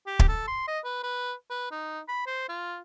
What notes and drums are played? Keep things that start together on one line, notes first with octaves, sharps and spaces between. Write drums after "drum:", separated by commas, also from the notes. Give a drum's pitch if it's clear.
G4
drum: kick
A4
C6
D#5
B4
B4
B4
D#4
B5
C5
F4